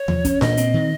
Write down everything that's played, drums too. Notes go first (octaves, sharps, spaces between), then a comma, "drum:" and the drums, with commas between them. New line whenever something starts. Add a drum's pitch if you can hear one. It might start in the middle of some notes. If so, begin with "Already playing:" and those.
Already playing: C#5
F3, drum: tom D#2
C#4, drum: kick, hi-hat
A#2 D#5, drum: snare D4
C4, drum: hi-hat
D#3